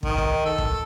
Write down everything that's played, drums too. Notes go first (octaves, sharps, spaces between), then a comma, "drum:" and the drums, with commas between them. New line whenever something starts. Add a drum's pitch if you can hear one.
D#3, drum: kick
drum: kick
A4
drum: kick